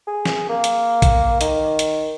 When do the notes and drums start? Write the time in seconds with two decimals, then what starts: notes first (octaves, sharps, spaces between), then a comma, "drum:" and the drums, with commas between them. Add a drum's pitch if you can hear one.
0.07 G#4
0.25 drum: snare
0.49 A#3
0.64 drum: hi-hat
1.02 drum: kick A#1, hi-hat
1.41 D#3, drum: hi-hat
1.79 drum: hi-hat